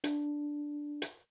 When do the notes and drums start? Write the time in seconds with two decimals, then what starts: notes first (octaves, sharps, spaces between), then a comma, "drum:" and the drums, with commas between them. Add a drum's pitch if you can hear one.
0.04 D4, drum: hi-hat
1.02 drum: hi-hat